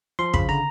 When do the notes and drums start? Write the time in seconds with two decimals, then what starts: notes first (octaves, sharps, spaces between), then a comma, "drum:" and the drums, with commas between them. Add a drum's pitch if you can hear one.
0.19 F3 C6
0.34 C#3 B5, drum: kick
0.49 D3 A#5